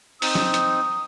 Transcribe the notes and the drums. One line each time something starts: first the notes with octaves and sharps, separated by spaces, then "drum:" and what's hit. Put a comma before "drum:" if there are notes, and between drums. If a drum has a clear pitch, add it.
C4 D#4 D#6, drum: open hi-hat
drum: snare
drum: hi-hat